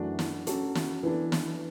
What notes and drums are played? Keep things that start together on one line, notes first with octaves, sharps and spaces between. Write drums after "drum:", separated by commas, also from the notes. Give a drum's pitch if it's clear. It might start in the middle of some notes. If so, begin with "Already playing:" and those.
Already playing: F#2 E3 A3 D4 F#4
drum: snare
F#3 C#4 F#4 A4, drum: hi-hat
drum: snare
E3 B3 D4 A4
drum: snare